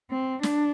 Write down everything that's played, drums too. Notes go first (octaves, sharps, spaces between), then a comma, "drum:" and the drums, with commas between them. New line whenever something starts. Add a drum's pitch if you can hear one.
C4
D4, drum: snare